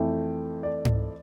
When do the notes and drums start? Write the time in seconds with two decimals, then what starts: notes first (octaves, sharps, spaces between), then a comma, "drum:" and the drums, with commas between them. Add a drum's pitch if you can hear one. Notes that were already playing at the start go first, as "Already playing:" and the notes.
Already playing: F2 E3 A3 G5
0.63 D5
0.85 drum: tom G#2